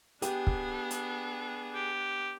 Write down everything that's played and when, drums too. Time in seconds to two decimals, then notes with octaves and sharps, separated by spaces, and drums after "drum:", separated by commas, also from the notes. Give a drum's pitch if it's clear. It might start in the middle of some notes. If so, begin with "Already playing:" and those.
0.22 B3 D4 G4 G#4, drum: hi-hat
0.47 drum: kick
0.91 drum: hi-hat
1.74 G4